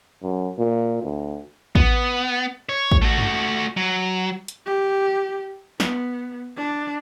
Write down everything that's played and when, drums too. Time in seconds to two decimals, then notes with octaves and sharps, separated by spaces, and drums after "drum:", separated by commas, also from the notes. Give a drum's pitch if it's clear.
0.23 F#2
0.58 A#2
1.03 D2
1.75 B3, drum: kick
2.69 C#5
2.92 drum: kick
3.02 A3 F#4
3.18 drum: tom
3.77 F#3
4.48 drum: hi-hat
4.66 G4
5.80 B3, drum: snare
6.57 D4